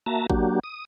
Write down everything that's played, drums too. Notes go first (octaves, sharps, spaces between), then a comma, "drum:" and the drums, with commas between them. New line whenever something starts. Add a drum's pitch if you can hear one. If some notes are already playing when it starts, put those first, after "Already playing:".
A#3 F#4 E5 A5 A#5
F#3 A#3 D4 F#4 G4, drum: kick G#1
D#6